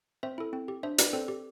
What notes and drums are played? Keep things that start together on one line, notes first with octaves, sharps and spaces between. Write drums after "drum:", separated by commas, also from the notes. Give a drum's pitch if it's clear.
C4 C5 E5
E4 A4
C4
G4
D4 C5 E5
G4 B4 D5, drum: hi-hat
C4 A4 C5
G4